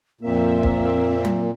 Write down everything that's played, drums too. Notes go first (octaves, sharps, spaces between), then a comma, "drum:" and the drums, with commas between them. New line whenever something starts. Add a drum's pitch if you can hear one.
F2 A#2 A#3 C4 E5
drum: kick
drum: tom F#3